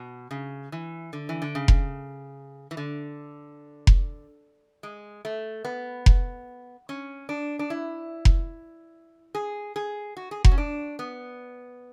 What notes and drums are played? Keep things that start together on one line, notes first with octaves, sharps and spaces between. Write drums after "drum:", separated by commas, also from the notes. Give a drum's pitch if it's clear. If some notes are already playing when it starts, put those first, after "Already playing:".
Already playing: B2
C#3
E3
D3
E3
D3
C#3
drum: kick F1
E3
D3
drum: kick F1
G#3
A3
B3
drum: kick F1
C#4
D4
D4
E4
drum: kick F1
G#4
G#4
F#4
G#4
F#4, drum: kick F1
C#4
D4
B3